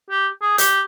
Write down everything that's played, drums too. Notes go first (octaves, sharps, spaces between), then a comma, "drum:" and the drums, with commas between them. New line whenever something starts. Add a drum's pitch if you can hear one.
G4
G#4
G4, drum: hi-hat